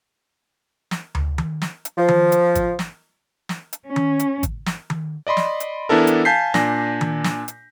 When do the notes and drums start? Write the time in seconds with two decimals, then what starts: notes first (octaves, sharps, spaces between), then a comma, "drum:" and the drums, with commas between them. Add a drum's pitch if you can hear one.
0.91 drum: snare
1.15 drum: tom D2
1.38 drum: tom D#3
1.62 drum: snare
1.85 drum: hi-hat
1.97 F3
2.08 drum: tom D#3
2.32 drum: hi-hat
2.55 drum: kick G#1, hi-hat
2.79 drum: snare
3.49 drum: snare
3.73 drum: hi-hat
3.86 C#4
3.96 drum: tom D#3
4.19 drum: hi-hat
4.43 drum: kick G#1, hi-hat
4.66 drum: snare
4.90 drum: tom D#3
5.27 D5 D#5 B5 C6
5.37 drum: snare
5.60 drum: hi-hat
5.89 E3 B3 D4 E4 A4 A#4
6.07 drum: hi-hat
6.25 F5 G#5 A5 G6 B6 C7
6.54 A#2 D4 G#5 A#6, drum: snare
7.01 drum: tom D#3
7.24 drum: snare
7.48 drum: hi-hat